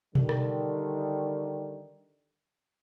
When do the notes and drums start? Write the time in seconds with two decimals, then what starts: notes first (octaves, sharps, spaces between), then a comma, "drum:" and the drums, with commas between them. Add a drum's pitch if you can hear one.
0.15 D3 D#3 G3, drum: tom B2
0.29 drum: rim click